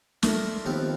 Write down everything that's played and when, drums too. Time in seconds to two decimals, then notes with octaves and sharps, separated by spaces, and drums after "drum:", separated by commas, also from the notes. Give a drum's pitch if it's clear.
0.23 A4 A#4 D5 E5 B5 C6, drum: snare
0.65 D#2 F3 B3 C4